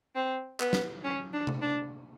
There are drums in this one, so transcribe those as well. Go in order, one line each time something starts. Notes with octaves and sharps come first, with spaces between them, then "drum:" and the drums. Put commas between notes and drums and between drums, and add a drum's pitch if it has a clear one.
C4
B3, drum: clap
drum: snare
C#4
D4
drum: tom C3
D4